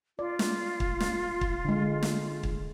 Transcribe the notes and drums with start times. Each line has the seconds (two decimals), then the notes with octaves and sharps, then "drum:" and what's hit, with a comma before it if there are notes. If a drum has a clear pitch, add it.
0.19 F4 D5
0.39 drum: snare
0.80 drum: kick
1.00 drum: snare
1.41 drum: kick
1.65 D3 G#3
2.03 drum: snare
2.43 drum: kick